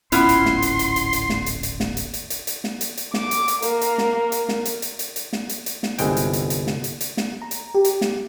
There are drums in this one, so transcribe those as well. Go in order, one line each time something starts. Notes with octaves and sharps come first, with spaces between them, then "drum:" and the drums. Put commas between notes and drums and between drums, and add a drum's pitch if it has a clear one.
D1 G#1 B3 C#4 E4 F4 C6, drum: hi-hat
drum: hi-hat
drum: snare
drum: hi-hat
drum: hi-hat
drum: hi-hat
drum: hi-hat
drum: snare
drum: hi-hat
drum: hi-hat
drum: snare
drum: hi-hat
drum: hi-hat
drum: hi-hat
drum: hi-hat
drum: snare
drum: hi-hat
drum: hi-hat
D6, drum: snare
drum: hi-hat
drum: hi-hat
A#3, drum: hi-hat
drum: hi-hat
drum: snare
drum: hi-hat
drum: snare
drum: hi-hat
drum: hi-hat
drum: hi-hat
drum: hi-hat
drum: snare
drum: hi-hat
drum: hi-hat
drum: snare
G1 C2 G#3 G5, drum: hi-hat
drum: hi-hat
drum: hi-hat
drum: hi-hat
drum: snare
drum: hi-hat
drum: hi-hat
drum: snare
A#5
drum: hi-hat
G4
drum: hi-hat
drum: snare